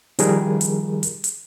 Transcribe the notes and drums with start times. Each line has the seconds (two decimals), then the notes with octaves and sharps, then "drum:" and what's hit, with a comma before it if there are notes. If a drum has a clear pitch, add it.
0.19 D#3 F3 G3 G#4 A#4, drum: hi-hat
0.61 drum: hi-hat
1.03 drum: hi-hat
1.24 drum: hi-hat